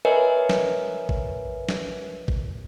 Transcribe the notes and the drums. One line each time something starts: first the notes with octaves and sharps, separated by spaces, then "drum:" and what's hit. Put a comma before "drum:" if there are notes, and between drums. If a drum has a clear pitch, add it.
A#4 B4 C#5 D#5 E5 G#5
drum: snare
drum: kick A1
drum: snare
drum: kick A1